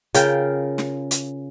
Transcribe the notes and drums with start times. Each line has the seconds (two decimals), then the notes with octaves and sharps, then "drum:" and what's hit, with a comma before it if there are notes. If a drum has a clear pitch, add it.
0.15 C#3 F4 A#4 G5, drum: hi-hat
0.78 drum: snare
1.11 drum: hi-hat